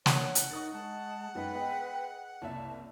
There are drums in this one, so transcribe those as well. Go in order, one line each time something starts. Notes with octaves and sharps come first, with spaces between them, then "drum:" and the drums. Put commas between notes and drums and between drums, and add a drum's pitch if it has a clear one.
D4 F#4 C#5 F#5, drum: snare
drum: hi-hat
D#4 A#4 C#6 D#6 A6
G#3 F#5 A5
F#2 G#3 D#4 B4 G5
B3 G#4 D#5 G5
F#1 C2 A#3 E5 A5